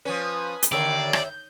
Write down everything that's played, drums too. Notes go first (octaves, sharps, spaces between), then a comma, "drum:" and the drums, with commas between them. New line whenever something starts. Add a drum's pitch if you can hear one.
F3 C#4 B4 G#5 D#6
drum: hi-hat
D#2 D3 A#4 C#5 D5 E5 G5 C7
G6, drum: rim click